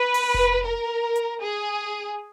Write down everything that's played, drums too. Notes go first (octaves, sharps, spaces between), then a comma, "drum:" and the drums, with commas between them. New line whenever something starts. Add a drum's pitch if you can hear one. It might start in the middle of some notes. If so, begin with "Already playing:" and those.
Already playing: B4
drum: open hi-hat
drum: kick F1
A#4
drum: hi-hat
G#4